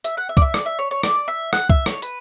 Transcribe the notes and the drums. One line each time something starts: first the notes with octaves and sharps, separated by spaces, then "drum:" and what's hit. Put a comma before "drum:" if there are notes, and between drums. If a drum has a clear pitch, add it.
E5, drum: hi-hat
F#5
E5
D5, drum: kick, hi-hat
E5
D5, drum: rim click
E5
C#5
C#5
D5, drum: rim click
E5
F#5, drum: rim click
E5, drum: kick
C#5, drum: rim click
B4, drum: hi-hat